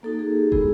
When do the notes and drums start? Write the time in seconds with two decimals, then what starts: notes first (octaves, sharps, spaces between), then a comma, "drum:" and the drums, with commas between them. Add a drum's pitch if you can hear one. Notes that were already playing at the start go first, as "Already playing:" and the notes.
0.03 A#3 D#4 F#4 A4
0.19 G#4
0.35 G4
0.52 G#3 B3 E4 G#4, drum: kick